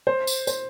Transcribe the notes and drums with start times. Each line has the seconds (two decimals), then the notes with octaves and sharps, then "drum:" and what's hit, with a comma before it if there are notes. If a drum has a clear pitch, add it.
0.07 C5
0.27 drum: tambourine
0.47 C5, drum: tambourine